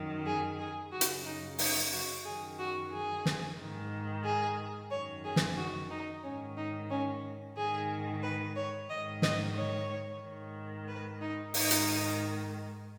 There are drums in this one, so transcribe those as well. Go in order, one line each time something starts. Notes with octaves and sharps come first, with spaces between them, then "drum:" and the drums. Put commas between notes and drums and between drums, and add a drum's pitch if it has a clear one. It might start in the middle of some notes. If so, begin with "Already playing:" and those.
Already playing: F#2 D#3
G#4
G#4
F#2 C#3 F#4
drum: hi-hat
D#4
D#4, drum: open hi-hat
F#4
F#2 D#3 G#4
F#4
G#4
drum: snare
G#2 D#3
G#4
F#2 D#3 C#5
G#4
drum: snare
F#4
D#4
G#2 D#3 C#4
D#4
C#4
G#2 D#3 G#4
B4
C#5
G#2 D#3 D#5
D#5, drum: snare
C#5
G#2 D#3
B4
D#4
G#2 D#3 D#4, drum: open hi-hat
drum: hi-hat